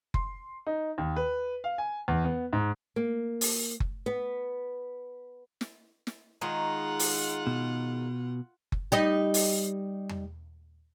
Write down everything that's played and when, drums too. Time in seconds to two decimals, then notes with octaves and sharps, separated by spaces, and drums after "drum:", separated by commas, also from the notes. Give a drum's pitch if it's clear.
0.14 C6, drum: kick F#1
0.67 D#4
0.98 D#2
1.16 B4
1.64 F5
1.78 G#5
2.08 E2
2.24 B3
2.53 G#2
2.96 A#3
3.41 drum: open hi-hat
3.80 drum: kick F#1
4.06 B3
5.61 drum: snare
6.07 drum: snare
6.41 D#3 G#3 D#4 F4 F#5
6.99 drum: open hi-hat
7.47 B2
8.72 drum: kick F#1
8.92 G3 D#4 D#5
9.34 drum: open hi-hat
10.09 drum: tom E2